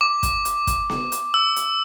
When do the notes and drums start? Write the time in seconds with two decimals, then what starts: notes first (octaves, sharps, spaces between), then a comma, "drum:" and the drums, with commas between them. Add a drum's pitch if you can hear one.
0.01 D6
0.23 drum: kick, hi-hat
0.45 drum: hi-hat
0.67 drum: kick, hi-hat
0.90 drum: snare B3
1.12 drum: hi-hat
1.34 E6
1.56 drum: hi-hat